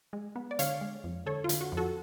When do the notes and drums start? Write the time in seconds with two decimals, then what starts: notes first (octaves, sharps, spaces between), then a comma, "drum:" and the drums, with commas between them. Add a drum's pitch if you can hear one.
0.13 G#3
0.36 B3
0.51 D5
0.59 D3 C#5 F5, drum: hi-hat
0.81 G#3
1.04 F2
1.26 D3 A4 C#5
1.44 F4
1.49 D3, drum: hi-hat
1.61 F#4
1.72 F2
1.77 F#4 A4